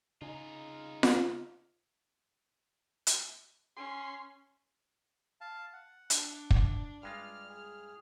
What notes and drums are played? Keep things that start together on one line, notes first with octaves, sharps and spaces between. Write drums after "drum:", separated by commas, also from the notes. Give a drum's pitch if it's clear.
C#3 D#4 F4 G#4
drum: snare F4
drum: hi-hat
C#4 C6
F5 A5
F#5
D4 F5, drum: hi-hat
D5, drum: kick
G2 G#3 F4 F6
G#4